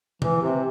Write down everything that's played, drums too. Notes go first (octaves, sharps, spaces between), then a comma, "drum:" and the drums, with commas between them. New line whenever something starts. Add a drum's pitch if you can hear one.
E3, drum: tom C3
C3